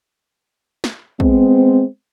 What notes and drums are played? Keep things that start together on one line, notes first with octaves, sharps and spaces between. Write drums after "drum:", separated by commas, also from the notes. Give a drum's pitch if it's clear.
drum: snare
G#3 B3 C4, drum: kick